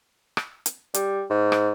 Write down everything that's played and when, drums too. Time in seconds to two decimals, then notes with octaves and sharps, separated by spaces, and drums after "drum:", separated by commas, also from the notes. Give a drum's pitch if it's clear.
0.37 drum: rim click
0.66 drum: hi-hat
0.94 G3, drum: hi-hat
1.30 G#2
1.52 drum: rim click